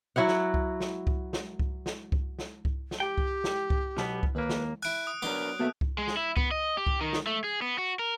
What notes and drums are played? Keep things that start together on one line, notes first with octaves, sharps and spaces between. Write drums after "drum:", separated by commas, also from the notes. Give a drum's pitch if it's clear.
F#3 E4 F#4 F#5
drum: snare
drum: kick C2
drum: snare
drum: kick C2
drum: snare
drum: kick C2
drum: snare
drum: kick C2
drum: snare
drum: kick C2
drum: snare
G4 G5
drum: kick C2
drum: snare
drum: kick C2
B1 B2 B3, drum: snare
drum: kick C2
D#2 A#3 B4
drum: snare
E4 G#5 F#6 D7
D#6
F#3 B3 D4 A#4 C6 D6
B2 A#3 A4 E5
drum: kick C2
G#3
drum: snare
E4
B3, drum: kick C2
D#5
G4
drum: kick C2
D#3
drum: snare
A3
G#4
B3
F#4
A#4